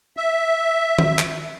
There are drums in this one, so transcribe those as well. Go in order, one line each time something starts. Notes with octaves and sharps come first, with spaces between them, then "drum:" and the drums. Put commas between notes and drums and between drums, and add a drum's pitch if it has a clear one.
E5
drum: tom D#3
drum: clap